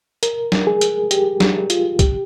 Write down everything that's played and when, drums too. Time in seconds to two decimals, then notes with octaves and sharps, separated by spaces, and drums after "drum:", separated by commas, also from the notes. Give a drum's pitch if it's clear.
0.23 A#4, drum: hi-hat
0.52 drum: snare
0.67 G#4
0.81 drum: hi-hat
1.11 G4, drum: hi-hat
1.40 drum: snare
1.70 F4, drum: hi-hat
1.99 G4, drum: kick, hi-hat